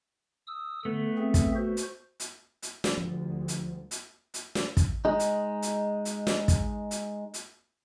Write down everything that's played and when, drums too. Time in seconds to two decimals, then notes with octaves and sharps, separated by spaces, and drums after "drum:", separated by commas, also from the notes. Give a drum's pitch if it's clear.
0.47 D#6 E6
0.85 D3 A3 B3
1.18 C4 G#4 E5
1.34 drum: kick, hi-hat
1.55 F#4 C5
1.77 drum: hi-hat
2.20 drum: hi-hat
2.63 drum: hi-hat
2.84 drum: snare
2.97 D2 D3 F3 G3
3.48 drum: hi-hat
3.91 drum: hi-hat
4.34 drum: hi-hat
4.55 drum: snare
4.77 drum: kick, hi-hat
5.05 G#3 D#4
5.20 drum: hi-hat
5.62 drum: hi-hat
6.05 drum: hi-hat
6.27 drum: snare
6.48 drum: kick, hi-hat
6.91 drum: hi-hat
7.34 drum: hi-hat